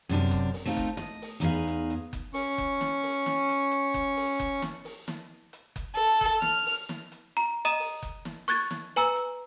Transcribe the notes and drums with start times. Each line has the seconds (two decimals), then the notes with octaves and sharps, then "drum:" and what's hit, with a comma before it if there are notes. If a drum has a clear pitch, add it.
0.09 F#2 C3 D4 A#4
0.31 drum: kick F#1, hi-hat
0.54 drum: open hi-hat
0.66 A3 C4 D#4 F4 A#4
0.77 drum: kick F#1, hi-hat
0.97 D#5, drum: snare
1.22 drum: open hi-hat
1.40 E2 D#4 G#4 B4 F5
1.67 drum: hi-hat
1.90 drum: hi-hat
2.13 drum: kick F#1, hi-hat
2.34 C#4 C#6, drum: open hi-hat
2.58 drum: kick F#1, hi-hat
2.81 drum: snare
3.03 drum: open hi-hat
3.26 drum: snare
3.49 drum: hi-hat
3.72 drum: hi-hat
3.94 drum: kick F#1, hi-hat
4.17 drum: open hi-hat
4.40 drum: kick F#1, hi-hat
4.62 drum: snare
4.85 drum: open hi-hat
5.08 drum: snare
5.53 drum: hi-hat
5.76 drum: kick F#1, hi-hat
5.95 A4
6.21 drum: kick F#1, hi-hat
6.42 F6, drum: snare
6.66 drum: open hi-hat
6.89 drum: snare
7.12 drum: hi-hat
7.37 A#5, drum: hi-hat
7.65 D#5 A#5 D#6 D#7 E7
7.80 drum: open hi-hat
8.03 drum: kick F#1, hi-hat
8.25 drum: snare
8.48 C#6 F#6 G#6 A6, drum: open hi-hat
8.71 drum: snare
8.96 B4 G#5 A#5 E6
9.16 drum: hi-hat